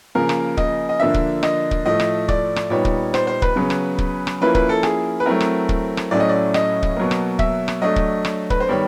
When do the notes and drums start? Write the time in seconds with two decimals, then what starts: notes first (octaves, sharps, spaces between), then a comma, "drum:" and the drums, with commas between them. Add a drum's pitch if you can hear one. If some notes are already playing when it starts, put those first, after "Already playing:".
0.15 C#3 F3 A#3 A#4
0.29 drum: rim click
0.57 D#5, drum: kick
0.89 D#5
1.00 D3 F3 A#3 D4 E5
1.14 drum: kick
1.43 D#5, drum: rim click
1.71 drum: kick
1.86 A2 F3 A3 D#5
2.00 drum: rim click
2.28 D5, drum: kick
2.56 drum: rim click
2.70 A#2 G3 B3 D#4 C#5
2.85 drum: kick
3.14 C5, drum: rim click
3.27 C5
3.42 B4, drum: kick
3.56 C#3 F#3 B3
3.70 drum: rim click
3.98 drum: kick
4.27 drum: rim click
4.41 F3 A#3 C#4 E4 B4
4.55 B4, drum: kick
4.69 A4
4.83 G#4, drum: rim click
5.20 B4
5.26 F#3 A3 C4 E4 A#4
5.40 drum: rim click
5.69 drum: kick
5.97 drum: rim click
6.11 A2 F#3 A3 C#4 E4 D5
6.20 D#5
6.29 D5
6.54 D#5, drum: rim click
6.83 drum: kick
6.97 B2 F#3 A#3
7.11 drum: rim click
7.39 E5, drum: kick
7.68 drum: rim click
7.82 F#3 A3 D4 D#5
7.96 drum: kick
8.25 drum: rim click
8.50 B4, drum: kick
8.60 C5
8.67 D#3 G3 B3 C#5